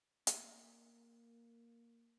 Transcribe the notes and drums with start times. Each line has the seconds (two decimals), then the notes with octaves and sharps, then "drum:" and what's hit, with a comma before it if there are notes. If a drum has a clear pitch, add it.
0.27 A#3, drum: hi-hat